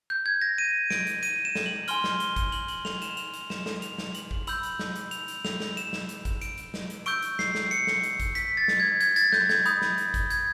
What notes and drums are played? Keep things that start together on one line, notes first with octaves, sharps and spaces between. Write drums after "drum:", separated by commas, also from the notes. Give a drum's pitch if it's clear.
G6
G#6
A#6
D#7
D7, drum: snare
drum: hi-hat
D#7, drum: hi-hat
E7
drum: snare
F#7
G#5 C6 F6 G7, drum: hi-hat
drum: snare
G7, drum: hi-hat
drum: kick, hi-hat
F#7, drum: hi-hat
F#7, drum: hi-hat
F7, drum: snare
E7, drum: hi-hat
F7, drum: hi-hat
drum: hi-hat
E7, drum: snare
drum: snare
F7, drum: hi-hat
drum: snare
F#7, drum: hi-hat
drum: kick
B5 E6 G6 F#7, drum: hi-hat
drum: hi-hat
drum: snare
drum: hi-hat
F7, drum: hi-hat
drum: hi-hat
F7, drum: snare
drum: snare
E7, drum: hi-hat
drum: snare
drum: hi-hat
drum: kick, hi-hat
D7, drum: hi-hat
drum: hi-hat
drum: snare
drum: hi-hat
C#6 E6 G6 D7, drum: hi-hat
drum: hi-hat
C7, drum: snare
drum: snare
C#7, drum: hi-hat
drum: snare
drum: hi-hat
drum: kick, hi-hat
B6, drum: hi-hat
A6
drum: snare
G#6
G#6, drum: hi-hat
A6, drum: hi-hat
G6, drum: snare
G#6, drum: snare
B5 D#6 G6, drum: hi-hat
drum: snare
drum: hi-hat
drum: kick, hi-hat
G#6, drum: hi-hat